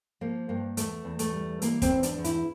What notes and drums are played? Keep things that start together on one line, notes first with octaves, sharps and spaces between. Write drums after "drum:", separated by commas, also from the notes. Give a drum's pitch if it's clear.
F3 A#3
G2 A#3
E2 A3, drum: hi-hat
E2
A3, drum: hi-hat
G3
E3 A#3, drum: hi-hat
C4, drum: kick, hi-hat
E2
D4, drum: hi-hat
E2
E4, drum: hi-hat